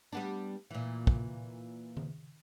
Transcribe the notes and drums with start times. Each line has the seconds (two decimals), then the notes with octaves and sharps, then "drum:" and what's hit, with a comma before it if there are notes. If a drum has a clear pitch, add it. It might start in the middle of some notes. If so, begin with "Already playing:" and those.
0.12 G3 B3 D4
0.70 A#2 E3
1.07 drum: kick
1.97 drum: tom D#3